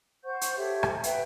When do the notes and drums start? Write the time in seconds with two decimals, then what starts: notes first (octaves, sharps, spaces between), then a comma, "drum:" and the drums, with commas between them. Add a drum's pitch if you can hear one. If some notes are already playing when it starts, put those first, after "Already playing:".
0.24 C5 F#5 C#6 G6
0.41 drum: hi-hat
0.57 G4 A4 C#5 E5
0.83 drum: rim click
1.03 B4 E5 F#5 G5, drum: hi-hat